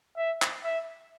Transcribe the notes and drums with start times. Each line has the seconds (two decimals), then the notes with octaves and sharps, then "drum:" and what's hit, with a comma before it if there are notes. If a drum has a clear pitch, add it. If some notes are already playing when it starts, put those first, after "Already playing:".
0.17 E5
0.42 drum: clap
0.64 E5